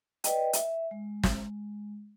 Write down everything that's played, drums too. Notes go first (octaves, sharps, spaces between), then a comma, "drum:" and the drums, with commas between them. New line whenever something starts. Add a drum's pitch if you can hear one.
B4 D5 D#5 G5, drum: hi-hat
E5, drum: hi-hat
G#3
drum: snare